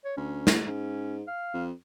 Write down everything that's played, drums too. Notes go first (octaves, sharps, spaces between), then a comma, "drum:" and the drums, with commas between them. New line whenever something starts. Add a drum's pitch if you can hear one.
C#5
D2 C#4
drum: snare
G#2 C#4
F5
F2